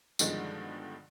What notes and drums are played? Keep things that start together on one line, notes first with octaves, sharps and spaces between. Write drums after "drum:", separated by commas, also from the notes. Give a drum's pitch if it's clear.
G2 B2 D3 D#3 F3 G#3, drum: tambourine